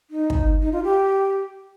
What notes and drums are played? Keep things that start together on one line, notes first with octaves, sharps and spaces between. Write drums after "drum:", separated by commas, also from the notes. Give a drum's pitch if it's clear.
D#4
drum: kick
D#4
F4
G4